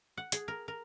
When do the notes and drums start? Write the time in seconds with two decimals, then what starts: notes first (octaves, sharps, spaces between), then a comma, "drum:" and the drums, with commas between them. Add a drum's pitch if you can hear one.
0.18 F#5
0.32 G#4, drum: hi-hat
0.48 A#4
0.68 A#4